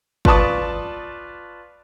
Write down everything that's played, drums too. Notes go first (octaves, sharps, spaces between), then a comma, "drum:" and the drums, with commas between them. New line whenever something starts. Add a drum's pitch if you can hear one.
F4 B4 D5 A5 C#6 D#6, drum: kick G1